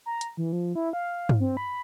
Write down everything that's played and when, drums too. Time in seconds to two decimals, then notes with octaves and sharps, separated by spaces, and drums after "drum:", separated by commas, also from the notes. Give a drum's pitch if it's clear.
0.06 A#5
0.21 drum: hi-hat
0.37 E3
0.53 F3
0.76 E4
0.93 F5
1.29 drum: tom
1.40 C4
1.57 B5